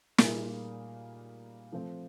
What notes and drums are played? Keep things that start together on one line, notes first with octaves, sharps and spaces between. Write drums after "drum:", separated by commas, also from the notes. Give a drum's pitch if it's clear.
A#2 G3 A#3 D#4 G#4, drum: snare
F3 A3 C4